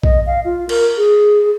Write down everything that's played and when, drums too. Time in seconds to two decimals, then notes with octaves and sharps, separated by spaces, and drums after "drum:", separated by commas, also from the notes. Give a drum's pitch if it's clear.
0.03 D#5, drum: kick A#1
0.26 F5
0.45 F4
0.69 A#4, drum: cymbal
0.97 G#4